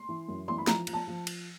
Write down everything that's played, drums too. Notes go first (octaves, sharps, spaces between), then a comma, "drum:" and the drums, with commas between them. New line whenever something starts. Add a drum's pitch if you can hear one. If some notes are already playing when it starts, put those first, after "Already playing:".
Already playing: C6
E3
F#2
E3 C6
B5
F3 A#5, drum: snare
F3, drum: cymbal
A5
F3
drum: cymbal